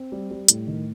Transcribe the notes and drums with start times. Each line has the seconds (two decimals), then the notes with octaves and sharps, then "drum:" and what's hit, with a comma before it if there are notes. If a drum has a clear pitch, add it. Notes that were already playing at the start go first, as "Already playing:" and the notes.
Already playing: C4
0.12 G3
0.31 G3
0.48 A2, drum: hi-hat
0.67 D#3